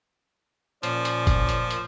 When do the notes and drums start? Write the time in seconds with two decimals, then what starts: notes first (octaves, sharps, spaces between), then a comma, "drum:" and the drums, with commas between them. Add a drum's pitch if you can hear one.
0.83 A#2 F3 C#4 D5, drum: hi-hat
1.05 drum: hi-hat
1.27 drum: kick, hi-hat
1.49 drum: hi-hat
1.70 drum: hi-hat